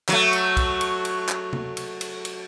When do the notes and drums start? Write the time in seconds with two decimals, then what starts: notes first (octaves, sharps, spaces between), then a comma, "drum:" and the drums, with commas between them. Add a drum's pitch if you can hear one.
0.09 F#3 A3, drum: clap
0.33 drum: cymbal
0.57 drum: kick B1, cymbal
0.81 drum: cymbal
1.05 drum: cymbal
1.29 drum: clap
1.53 drum: tom C3
1.77 drum: cymbal
2.01 drum: cymbal
2.25 drum: cymbal